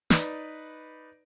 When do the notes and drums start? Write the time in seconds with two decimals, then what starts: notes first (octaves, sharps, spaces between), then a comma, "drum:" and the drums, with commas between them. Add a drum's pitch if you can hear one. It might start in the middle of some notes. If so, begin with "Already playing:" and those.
0.10 D#4 B4 D5, drum: snare